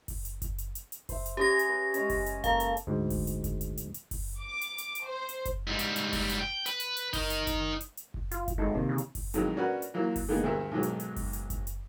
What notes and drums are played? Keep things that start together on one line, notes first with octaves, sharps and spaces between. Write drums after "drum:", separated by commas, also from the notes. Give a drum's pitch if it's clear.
drum: kick F#1, open hi-hat
drum: hi-hat
drum: kick F#1, hi-hat
drum: hi-hat
drum: hi-hat
drum: hi-hat
C5 E5, drum: kick F#1, open hi-hat
drum: hi-hat
C#4 G4 G#4 C#5 A#6
drum: hi-hat
B4
G#3 C#4, drum: hi-hat
drum: kick F#1, open hi-hat
drum: hi-hat
A#3 A4 F5 A#5, drum: kick F#1, hi-hat
drum: hi-hat
drum: hi-hat
D2 G#2
drum: kick F#1, open hi-hat
drum: hi-hat
drum: kick F#1, hi-hat
drum: hi-hat
drum: hi-hat
drum: hi-hat
drum: kick F#1, open hi-hat
D6
drum: hi-hat
drum: hi-hat
drum: hi-hat
C5
drum: hi-hat
drum: kick F#1, hi-hat
G#2 G3
drum: hi-hat
drum: hi-hat
drum: kick F#1, open hi-hat
drum: hi-hat
G5
B4, drum: hi-hat
drum: hi-hat
drum: hi-hat
D#4 A#4, drum: kick F#1, open hi-hat
drum: hi-hat
drum: kick F#1, hi-hat
drum: hi-hat
drum: hi-hat
drum: kick F#1
F4, drum: hi-hat
drum: kick F#1, hi-hat
G#1 G#3 D#4 A4
C3 D#3 A#3
C#3
drum: hi-hat
drum: kick F#1, open hi-hat
F2 A2 D#3 F#3 G#3, drum: hi-hat
C#4 D4 F#4 A#4 B4 F#5
drum: hi-hat
E3 F#3 A#3
drum: kick F#1, open hi-hat
D3 D#3 G#3 A#3 B3 G#4
D2 G2 G#4 A#4 E5
B1 G#2 D#3 F#3
drum: hi-hat
drum: hi-hat
drum: kick F#1, open hi-hat
drum: hi-hat
drum: kick F#1, hi-hat
drum: hi-hat